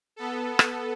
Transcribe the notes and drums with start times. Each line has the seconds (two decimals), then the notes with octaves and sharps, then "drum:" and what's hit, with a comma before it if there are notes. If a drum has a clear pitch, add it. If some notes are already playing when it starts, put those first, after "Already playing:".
0.16 B3 A4
0.59 drum: rim click